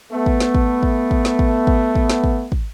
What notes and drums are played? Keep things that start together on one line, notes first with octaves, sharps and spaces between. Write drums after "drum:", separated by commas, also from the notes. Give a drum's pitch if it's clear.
A3 B3
drum: kick
drum: snare
drum: kick
drum: kick
drum: kick
drum: snare
drum: kick
drum: kick
drum: kick
drum: snare
drum: kick
drum: kick